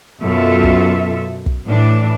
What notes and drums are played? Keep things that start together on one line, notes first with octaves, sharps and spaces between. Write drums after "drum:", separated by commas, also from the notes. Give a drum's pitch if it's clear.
F#2 B2 F4 A4 E5
drum: kick
drum: kick
A2 E3 D4